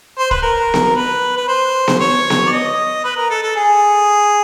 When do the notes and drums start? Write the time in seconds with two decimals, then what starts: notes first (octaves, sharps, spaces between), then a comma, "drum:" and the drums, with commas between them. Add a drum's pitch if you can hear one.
0.18 C5
0.31 B4, drum: kick
0.42 A#4
0.74 drum: snare B3
0.96 B4
1.37 B4
1.48 C5
1.88 drum: snare B3
2.00 C#5
2.30 drum: snare B3
2.46 D5
2.52 D#5
3.04 B4
3.17 A#4
3.30 A4
3.43 A4
3.56 G#4